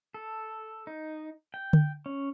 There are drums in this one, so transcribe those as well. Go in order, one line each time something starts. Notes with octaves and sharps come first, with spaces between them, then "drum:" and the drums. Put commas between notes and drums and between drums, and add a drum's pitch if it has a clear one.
A4
D#4
G5
drum: tom D3
C#4